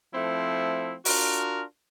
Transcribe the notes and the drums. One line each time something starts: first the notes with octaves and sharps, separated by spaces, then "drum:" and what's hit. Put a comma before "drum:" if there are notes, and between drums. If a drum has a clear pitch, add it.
F3 A3 C4 E4
D4 F4 F#4 A#4, drum: open hi-hat